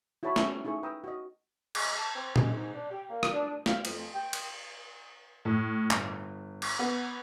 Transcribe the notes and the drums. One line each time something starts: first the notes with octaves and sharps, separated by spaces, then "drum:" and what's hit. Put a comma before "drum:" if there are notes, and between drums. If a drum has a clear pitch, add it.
E4 F#4 A4 C#5 A5 B5
C#4 G#4 C#5 E5 A5 A#5, drum: snare
D#4 E4 G#4 A4 C#6
B4 G5 A#5 D#6 E6
F#4 D#5
G#3, drum: cymbal
A5
C4
G#3, drum: tom A#2
G#2
D4
G4
A#3
drum: rim click
D4
F5, drum: snare
F2, drum: cymbal
G5
drum: cymbal
A2
G1, drum: clap
drum: cymbal
B3